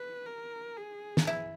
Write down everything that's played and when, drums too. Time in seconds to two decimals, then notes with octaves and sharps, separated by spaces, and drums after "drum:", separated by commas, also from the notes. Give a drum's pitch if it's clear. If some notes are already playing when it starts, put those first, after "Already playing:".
Already playing: B4
0.25 A#4
0.76 G#4
1.17 drum: snare
1.27 E4